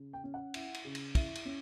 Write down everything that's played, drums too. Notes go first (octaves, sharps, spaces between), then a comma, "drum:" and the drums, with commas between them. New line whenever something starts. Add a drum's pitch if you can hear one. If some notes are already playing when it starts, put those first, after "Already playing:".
Already playing: C#3
G5
C#4
F#5
E4, drum: cymbal
drum: cymbal
C#3
drum: cymbal
E4, drum: kick, cymbal
drum: cymbal
C#4